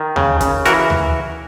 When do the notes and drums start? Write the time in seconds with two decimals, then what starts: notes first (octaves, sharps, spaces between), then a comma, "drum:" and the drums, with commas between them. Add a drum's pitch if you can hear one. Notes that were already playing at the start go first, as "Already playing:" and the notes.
Already playing: D#3
0.16 C#3, drum: tom D2
0.41 C#3, drum: kick, hi-hat
0.65 E3 F#4 A#4, drum: hi-hat
0.90 drum: tom D2